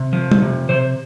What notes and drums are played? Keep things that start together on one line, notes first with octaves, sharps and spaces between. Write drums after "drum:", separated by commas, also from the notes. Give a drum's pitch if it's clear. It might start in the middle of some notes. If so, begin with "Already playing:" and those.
Already playing: C3
F3
drum: tom G3
C3
C3 C5